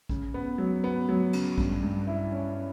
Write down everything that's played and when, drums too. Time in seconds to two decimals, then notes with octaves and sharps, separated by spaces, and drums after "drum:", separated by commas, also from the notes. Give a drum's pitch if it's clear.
0.09 C#3, drum: kick A#1
0.34 B3
0.58 F#3
0.84 B3
1.09 F#3
1.33 C#3, drum: cymbal
1.58 G2, drum: kick A#1
1.83 G2
2.07 E4
2.32 C#4